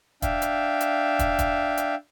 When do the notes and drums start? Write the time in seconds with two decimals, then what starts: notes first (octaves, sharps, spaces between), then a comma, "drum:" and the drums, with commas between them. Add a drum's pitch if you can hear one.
0.22 D4 E5 F5 G5, drum: kick, hi-hat
0.42 drum: hi-hat
0.80 drum: hi-hat
1.19 drum: kick, hi-hat
1.39 drum: kick, hi-hat
1.77 drum: hi-hat